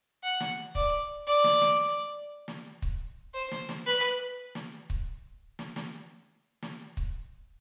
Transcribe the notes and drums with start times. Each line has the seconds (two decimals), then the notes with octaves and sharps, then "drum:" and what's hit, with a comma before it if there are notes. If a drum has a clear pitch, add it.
0.23 F#5
0.40 drum: snare
0.75 D5, drum: kick C#1
1.27 D5
1.44 drum: snare
1.61 drum: snare
2.48 drum: snare
2.82 drum: kick C#1
3.34 C5
3.51 drum: snare
3.69 drum: snare
3.86 B4
4.55 drum: snare
4.90 drum: kick C#1
5.59 drum: snare
5.76 drum: snare
6.62 drum: snare
6.97 drum: kick C#1